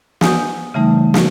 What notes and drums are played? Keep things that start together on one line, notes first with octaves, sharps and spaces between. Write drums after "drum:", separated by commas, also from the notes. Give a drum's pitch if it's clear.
F#5 G#5 D#6 G6, drum: snare
C#3 E3 G3 A3 D#4
drum: snare